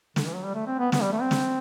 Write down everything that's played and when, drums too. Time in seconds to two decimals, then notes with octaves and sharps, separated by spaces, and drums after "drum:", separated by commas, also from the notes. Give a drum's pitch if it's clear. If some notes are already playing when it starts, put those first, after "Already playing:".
0.16 D3, drum: snare
0.26 E3
0.35 F#3
0.44 G3
0.55 A3
0.67 C4
0.79 B3
0.92 B3, drum: snare
1.01 G3
1.12 A3
1.21 C4
1.31 drum: snare